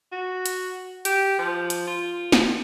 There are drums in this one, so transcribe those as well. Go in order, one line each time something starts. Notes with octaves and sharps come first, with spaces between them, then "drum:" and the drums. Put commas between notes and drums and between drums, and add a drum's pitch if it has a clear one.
F#4
drum: hi-hat
G4, drum: hi-hat
F3
drum: hi-hat
F4
drum: snare